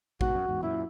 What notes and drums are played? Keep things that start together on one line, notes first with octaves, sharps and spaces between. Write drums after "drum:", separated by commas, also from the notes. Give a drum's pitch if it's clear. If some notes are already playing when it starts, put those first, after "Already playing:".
G#2 B2 F#4, drum: kick
F#2
E2 G#2
F#2 A#2 E4